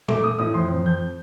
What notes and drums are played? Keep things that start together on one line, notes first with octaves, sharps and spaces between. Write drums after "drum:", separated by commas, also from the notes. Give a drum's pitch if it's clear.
A3 D6, drum: tom A#2
A3 D#6
A2 D#6
F2 C6
F2
F2 G6